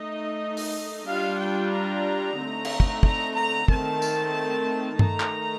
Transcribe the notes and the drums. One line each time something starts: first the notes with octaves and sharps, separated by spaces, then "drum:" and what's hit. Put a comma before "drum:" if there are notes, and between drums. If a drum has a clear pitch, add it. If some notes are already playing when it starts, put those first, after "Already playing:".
Already playing: A3 D#4 D#5
drum: open hi-hat
G3 D4 F4 F5
G5
A#5
D3 A3 C4 D#4
drum: cymbal
drum: kick
A#5, drum: kick
A#5
D#3 A3 C4 A5, drum: kick
drum: tambourine
D#3 A3 D#4 A#5, drum: tom G2
drum: clap